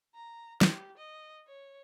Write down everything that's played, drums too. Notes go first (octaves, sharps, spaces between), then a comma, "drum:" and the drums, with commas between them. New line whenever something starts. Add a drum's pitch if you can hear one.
A#5
G4, drum: snare
D#5
C#5